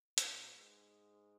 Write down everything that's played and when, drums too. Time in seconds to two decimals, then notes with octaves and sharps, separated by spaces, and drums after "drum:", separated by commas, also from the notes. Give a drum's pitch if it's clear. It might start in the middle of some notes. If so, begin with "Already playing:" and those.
0.18 B2, drum: hi-hat
0.52 G#2